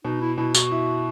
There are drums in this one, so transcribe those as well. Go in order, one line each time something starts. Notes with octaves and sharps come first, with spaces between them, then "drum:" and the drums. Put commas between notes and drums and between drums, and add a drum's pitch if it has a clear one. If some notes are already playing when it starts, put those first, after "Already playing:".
B2 D#4
E4
B2 E4
F#4, drum: tambourine
E4